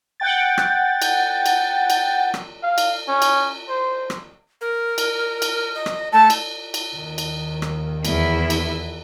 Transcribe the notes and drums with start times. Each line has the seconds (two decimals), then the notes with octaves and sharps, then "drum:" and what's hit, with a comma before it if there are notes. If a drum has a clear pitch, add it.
0.20 F#5 G5 A6
0.58 drum: rim click
1.02 drum: cymbal
1.46 drum: cymbal
1.90 drum: cymbal
2.34 drum: rim click
2.63 F5
2.78 drum: cymbal
3.08 C#4
3.22 drum: cymbal
3.69 C5
4.10 drum: rim click
4.61 A#4
4.98 drum: cymbal
5.42 drum: cymbal
5.75 D#5
5.86 drum: rim click
6.13 A3 A5
6.30 drum: cymbal
6.74 drum: cymbal
6.96 D#2 D#3
7.18 drum: cymbal
7.62 drum: rim click
8.05 E2 E4, drum: cymbal
8.50 drum: cymbal